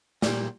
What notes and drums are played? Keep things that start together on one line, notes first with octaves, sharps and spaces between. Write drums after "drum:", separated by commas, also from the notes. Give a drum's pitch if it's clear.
A#2 G3, drum: snare